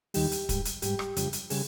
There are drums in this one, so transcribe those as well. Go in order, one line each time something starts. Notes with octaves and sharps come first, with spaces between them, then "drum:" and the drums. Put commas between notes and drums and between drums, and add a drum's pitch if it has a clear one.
D#2 D#3 G3 G4, drum: open hi-hat
drum: hi-hat
G#2 G3, drum: kick, hi-hat
drum: hi-hat
G#2 G3 G4, drum: hi-hat
drum: rim click
F2 C#3 G3, drum: hi-hat
drum: hi-hat
C#3 G3 G#4, drum: open hi-hat